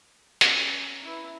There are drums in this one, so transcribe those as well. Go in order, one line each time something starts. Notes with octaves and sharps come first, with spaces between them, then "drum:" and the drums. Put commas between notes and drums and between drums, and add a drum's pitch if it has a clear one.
C#4 A#5, drum: hi-hat
E4 B4